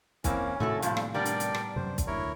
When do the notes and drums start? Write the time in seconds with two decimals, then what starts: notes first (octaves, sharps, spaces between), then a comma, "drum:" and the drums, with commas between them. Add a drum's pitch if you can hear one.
0.24 E3 A#3 C4 C#4, drum: kick, hi-hat
0.60 A2 C3 D#3 A3 F#4 A4
0.82 G2 A#2 F3, drum: hi-hat
0.97 drum: rim click
1.14 G3 B3 D4 A#4 D5 G5
1.26 drum: hi-hat
1.40 drum: hi-hat
1.55 drum: rim click
1.76 F#2 C3 C5
1.98 drum: kick, hi-hat
2.07 D2 E4 A#4 C#5